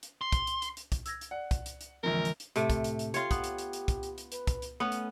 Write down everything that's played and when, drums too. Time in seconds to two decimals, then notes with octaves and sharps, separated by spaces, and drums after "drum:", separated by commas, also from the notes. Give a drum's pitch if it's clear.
0.03 drum: hi-hat
0.21 C6
0.32 drum: kick, hi-hat
0.47 drum: hi-hat
0.62 drum: hi-hat
0.77 drum: hi-hat
0.92 drum: kick, hi-hat
1.06 E6 G#6 A#6, drum: hi-hat
1.21 drum: hi-hat
1.31 D5 F#5
1.51 drum: kick, hi-hat
1.66 drum: hi-hat
1.81 drum: hi-hat
2.03 A#1 F2 D3 E3 G#3 A#4
2.25 drum: hi-hat
2.40 drum: hi-hat
2.56 A2 C3 A3, drum: hi-hat
2.70 drum: kick, hi-hat
2.84 drum: hi-hat
2.99 drum: hi-hat
3.14 F4 G4 C#5, drum: hi-hat
3.31 B3, drum: kick, hi-hat
3.44 drum: hi-hat
3.58 drum: hi-hat
3.73 drum: hi-hat
3.88 drum: kick, hi-hat
4.03 drum: hi-hat
4.18 drum: hi-hat
4.32 B4, drum: hi-hat
4.47 drum: kick, hi-hat
4.62 drum: hi-hat
4.80 A3 B3 C#4
4.92 drum: hi-hat